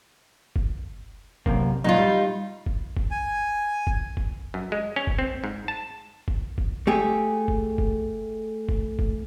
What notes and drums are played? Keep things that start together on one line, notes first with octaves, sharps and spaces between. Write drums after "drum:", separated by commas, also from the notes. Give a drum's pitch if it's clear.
drum: kick F#1
F#2 C3 A#3, drum: kick F#1
F#2 A#2 F#3 D#4 F4
G3
drum: kick F#1
drum: kick F#1
G#5
drum: kick F#1
drum: kick F#1
F#2
G#3
C#4
drum: kick F#1
C4
G#2
A5
drum: kick F#1
drum: kick F#1
A3 G4 G#4
drum: kick F#1
drum: kick F#1
drum: kick F#1
drum: kick F#1